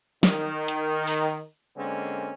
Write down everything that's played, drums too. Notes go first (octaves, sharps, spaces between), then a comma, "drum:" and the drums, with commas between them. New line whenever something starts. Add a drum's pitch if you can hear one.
D#3, drum: snare
drum: hi-hat
drum: open hi-hat
D3 G#3 A#3 C4 C#4